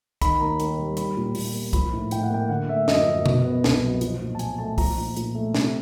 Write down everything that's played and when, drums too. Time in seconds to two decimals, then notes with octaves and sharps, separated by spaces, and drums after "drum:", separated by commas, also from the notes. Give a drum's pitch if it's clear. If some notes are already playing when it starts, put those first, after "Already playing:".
0.22 D#3 B5, drum: kick, hi-hat
0.41 D#2 A#5
0.60 D#2, drum: hi-hat
0.78 G3
0.97 G3 B5, drum: hi-hat
1.17 A#2
1.35 A#2, drum: open hi-hat
1.54 A#3
1.73 F3 B5, drum: kick, hi-hat
1.93 A2
2.11 A2 G5, drum: hi-hat
2.23 F#5
2.30 A#3 G5
2.49 D3 F#5
2.68 A3 E5
2.88 F#2 D#5, drum: snare
3.06 F3
3.26 B2, drum: tom B2
3.45 B3
3.64 C2, drum: snare
3.83 F#3
4.01 F3, drum: hi-hat
4.21 A#2
4.35 A5
4.39 A#2 G#5, drum: hi-hat
4.58 A3 A5
4.78 F3 A#5, drum: kick, open hi-hat
4.97 A#2
5.17 A#2, drum: hi-hat
5.35 A3
5.55 C3, drum: snare